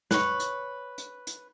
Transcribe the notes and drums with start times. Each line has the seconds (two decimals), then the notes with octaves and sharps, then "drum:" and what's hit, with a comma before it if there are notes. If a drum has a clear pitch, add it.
0.11 B4 C#5, drum: snare
0.40 drum: hi-hat
0.98 drum: hi-hat
1.27 drum: hi-hat